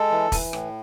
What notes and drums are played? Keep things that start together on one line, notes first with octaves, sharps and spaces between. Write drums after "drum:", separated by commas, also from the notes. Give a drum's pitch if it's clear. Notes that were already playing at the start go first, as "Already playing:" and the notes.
Already playing: G#3 A4
E3
E3, drum: kick, open hi-hat
A2, drum: rim click